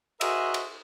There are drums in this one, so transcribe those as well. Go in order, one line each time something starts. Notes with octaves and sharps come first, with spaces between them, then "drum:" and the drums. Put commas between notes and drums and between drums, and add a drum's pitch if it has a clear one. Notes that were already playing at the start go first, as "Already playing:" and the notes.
F#4 G#4 A#4 C5 D#5 E5, drum: cymbal
drum: cymbal